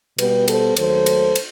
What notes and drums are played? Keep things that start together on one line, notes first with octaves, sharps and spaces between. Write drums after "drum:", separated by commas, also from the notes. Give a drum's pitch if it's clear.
B2 G3 B3 G4 B4, drum: cymbal
A4 C5, drum: cymbal
D#2 D#3 F#3 A3 A4 C5, drum: cymbal
drum: cymbal
drum: cymbal